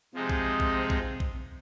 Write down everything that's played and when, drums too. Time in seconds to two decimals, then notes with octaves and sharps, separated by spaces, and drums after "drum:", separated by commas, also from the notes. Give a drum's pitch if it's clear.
0.14 C3 F3 G#3 C4 D#4 G#4
0.30 drum: kick A#1
0.60 drum: kick A#1
0.90 drum: kick A#1
1.20 drum: kick A#1